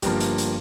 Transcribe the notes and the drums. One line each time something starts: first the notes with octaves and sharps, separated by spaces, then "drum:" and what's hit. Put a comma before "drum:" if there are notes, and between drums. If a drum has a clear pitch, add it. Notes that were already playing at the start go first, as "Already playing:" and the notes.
G1 G2 F3 A#3 G4, drum: hi-hat
drum: hi-hat
drum: hi-hat